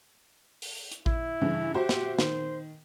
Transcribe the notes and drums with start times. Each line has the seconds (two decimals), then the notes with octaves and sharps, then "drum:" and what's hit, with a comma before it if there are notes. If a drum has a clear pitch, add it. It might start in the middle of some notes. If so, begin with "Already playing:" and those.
0.62 drum: open hi-hat
0.92 drum: hi-hat
1.06 E4, drum: kick A1
1.41 G2 C#3 E3
1.74 F#4 G4 C5 E5
1.89 drum: snare
2.19 D#3 C5, drum: snare